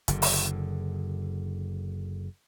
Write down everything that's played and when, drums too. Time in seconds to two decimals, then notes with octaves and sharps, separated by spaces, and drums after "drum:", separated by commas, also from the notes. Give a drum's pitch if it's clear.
0.08 F#1 D3, drum: hi-hat
0.22 drum: open hi-hat